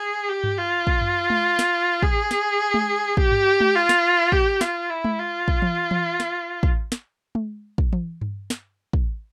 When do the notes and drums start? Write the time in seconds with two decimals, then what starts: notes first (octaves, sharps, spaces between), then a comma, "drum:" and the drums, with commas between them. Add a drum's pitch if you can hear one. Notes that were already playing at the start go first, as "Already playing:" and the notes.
Already playing: G#4
0.29 G4
0.44 drum: tom G2
0.58 F4
0.87 drum: kick
1.01 drum: tom F#2
1.30 drum: tom G#3
1.59 drum: snare
2.02 G#4, drum: kick
2.31 drum: snare
2.74 drum: tom G#3
3.17 G4, drum: kick
3.32 drum: tom G2
3.60 drum: tom G#3
3.75 F4
3.89 drum: snare
4.32 G4, drum: kick
4.61 F4, drum: snare
4.90 E4
5.05 drum: tom G#3
5.19 F4
5.48 drum: kick
5.62 drum: tom E3
5.91 drum: tom E3
6.20 drum: snare
6.63 drum: kick
6.92 drum: snare
7.35 drum: tom G#3
7.78 drum: kick
7.93 drum: tom E3
8.21 drum: tom G2
8.50 drum: snare
8.93 drum: kick